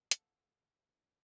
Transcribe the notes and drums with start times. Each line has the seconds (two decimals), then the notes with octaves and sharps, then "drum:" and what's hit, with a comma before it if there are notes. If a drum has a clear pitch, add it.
0.11 A4 F5 F#5 A5, drum: hi-hat